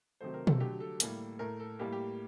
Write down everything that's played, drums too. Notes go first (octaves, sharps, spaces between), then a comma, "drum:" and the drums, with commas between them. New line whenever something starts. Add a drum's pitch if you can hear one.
C3 D#3 F#3 A3 C5
A#4
A4, drum: tom B2
D3 F#3 A3 G4
A4
A2 G3 A#3, drum: hi-hat
A2 A3 A#4
A4
A2 G3 A#3 G4
G4